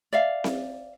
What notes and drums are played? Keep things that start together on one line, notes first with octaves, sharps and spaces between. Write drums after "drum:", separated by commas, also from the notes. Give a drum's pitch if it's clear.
D5 E5 F5
drum: snare C4